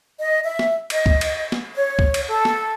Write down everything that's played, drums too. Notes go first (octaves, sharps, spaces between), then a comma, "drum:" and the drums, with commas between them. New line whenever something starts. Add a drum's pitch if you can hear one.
D#5
E5
drum: snare
D#5, drum: cymbal
drum: kick C#2
drum: cymbal
drum: snare
C#5
drum: kick C#2
drum: cymbal
A4
drum: snare